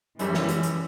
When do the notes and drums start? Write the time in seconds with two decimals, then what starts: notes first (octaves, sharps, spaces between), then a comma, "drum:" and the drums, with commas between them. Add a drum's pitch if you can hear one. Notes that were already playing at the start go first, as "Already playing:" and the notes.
0.19 F#2 E3 G3, drum: hi-hat
0.34 drum: snare
0.49 drum: hi-hat
0.63 drum: hi-hat